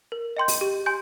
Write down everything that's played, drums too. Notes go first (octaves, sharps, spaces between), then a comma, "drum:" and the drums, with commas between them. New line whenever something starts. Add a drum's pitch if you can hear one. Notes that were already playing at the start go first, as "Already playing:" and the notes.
A#4
D#5 G5 C6 G6
drum: open hi-hat
G4
G#5 C6 G6